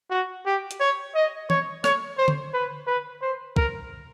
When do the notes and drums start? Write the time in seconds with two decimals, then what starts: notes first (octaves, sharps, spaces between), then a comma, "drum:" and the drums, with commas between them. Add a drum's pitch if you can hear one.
0.10 F#4
0.46 G4
0.71 drum: hi-hat
0.80 C#5
1.15 D#5
1.50 C#5, drum: tom E3
1.84 C#5, drum: rim click
2.18 C5
2.28 drum: tom D3
2.54 B4
2.87 B4
3.22 C5
3.56 A#4, drum: kick